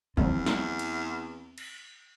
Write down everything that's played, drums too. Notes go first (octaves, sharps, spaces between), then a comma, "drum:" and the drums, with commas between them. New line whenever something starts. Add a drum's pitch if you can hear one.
E2 C4, drum: tom E3
drum: snare
drum: cymbal
drum: cymbal